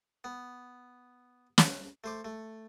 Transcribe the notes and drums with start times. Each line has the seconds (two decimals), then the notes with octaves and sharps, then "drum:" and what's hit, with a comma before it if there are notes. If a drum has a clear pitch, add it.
0.24 B3
1.58 drum: snare
2.04 A3 C5 D6
2.25 A3